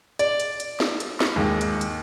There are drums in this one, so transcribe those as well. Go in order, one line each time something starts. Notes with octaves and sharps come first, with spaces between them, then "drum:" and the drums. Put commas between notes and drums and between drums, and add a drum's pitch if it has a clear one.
D5, drum: hi-hat
drum: hi-hat
drum: hi-hat
drum: snare
drum: hi-hat
drum: snare
D#2 G#2
drum: hi-hat
drum: hi-hat